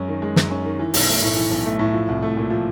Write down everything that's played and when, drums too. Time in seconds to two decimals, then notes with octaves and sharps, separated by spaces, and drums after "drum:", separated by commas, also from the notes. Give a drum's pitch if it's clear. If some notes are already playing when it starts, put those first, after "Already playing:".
Already playing: F#2 G#3 C#4
0.08 D#3
0.22 G#3
0.36 F#2, drum: snare
0.51 C#4
0.65 D#3
0.79 E3
0.94 B1, drum: open hi-hat
1.08 A3
1.22 A2
1.36 E3
1.51 B1
1.65 A3
1.79 A2
1.94 F3
2.08 C2
2.22 A3
2.37 A#2
2.50 F3